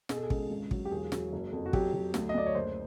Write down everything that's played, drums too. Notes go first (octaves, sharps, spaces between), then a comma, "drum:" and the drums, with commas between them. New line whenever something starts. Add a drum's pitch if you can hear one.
B2 G#4, drum: snare
A4
G#4
C#2, drum: kick
G#1
F#3, drum: kick
G4
E1 G#4
F#3, drum: snare
F#1
F2
F#4
F#3 G4, drum: kick
F#3
D2, drum: snare
D#5
D2 D5
C#5
F#1 C5